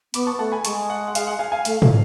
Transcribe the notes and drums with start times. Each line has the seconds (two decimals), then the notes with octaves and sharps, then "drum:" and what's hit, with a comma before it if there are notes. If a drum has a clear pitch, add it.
0.14 B3 B5 D6, drum: hi-hat
0.27 A5 C#6
0.39 A3 F#5 A5
0.52 G#5 B5
0.65 G#3 A5 C#6, drum: hi-hat
0.90 F#5
1.08 F#5
1.15 F5, drum: hi-hat
1.27 F#5
1.39 F5 G#5
1.52 F5 G#5
1.65 A3 F5, drum: hi-hat
1.82 A3, drum: tom